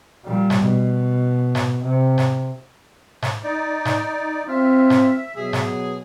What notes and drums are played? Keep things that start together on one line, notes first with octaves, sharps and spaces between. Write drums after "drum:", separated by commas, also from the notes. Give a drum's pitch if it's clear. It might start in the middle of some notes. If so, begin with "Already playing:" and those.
A#2 G3
drum: snare G#2
B2
drum: snare G#2
C3
drum: snare G#2
drum: snare G#2
D#4 D5
drum: snare G#2
C4 F4 E5
drum: snare G#2
B2 F#3 G#4
drum: snare G#2